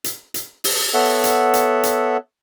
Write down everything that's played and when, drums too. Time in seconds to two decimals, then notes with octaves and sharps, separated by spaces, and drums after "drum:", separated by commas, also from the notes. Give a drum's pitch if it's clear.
0.04 drum: hi-hat
0.34 drum: hi-hat
0.64 drum: open hi-hat
0.94 B3 A4 C#5 E5 F#5
1.24 drum: hi-hat
1.54 drum: hi-hat
1.83 drum: hi-hat